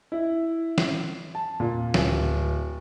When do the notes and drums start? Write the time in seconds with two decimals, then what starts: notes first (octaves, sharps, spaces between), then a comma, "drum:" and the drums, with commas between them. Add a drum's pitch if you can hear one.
0.12 E4
0.78 drum: snare
1.35 A5
1.60 A#2
1.94 D1, drum: snare